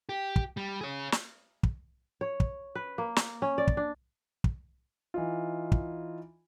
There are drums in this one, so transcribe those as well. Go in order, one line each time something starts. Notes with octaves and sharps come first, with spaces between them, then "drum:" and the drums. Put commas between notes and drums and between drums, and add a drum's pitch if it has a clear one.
G4
drum: kick
G3
G#4 C#5
drum: snare
drum: kick
C#5
drum: kick
B4
A#3
drum: snare
C#4
D5
drum: kick
D4
drum: kick
E3 D#4 F4
drum: kick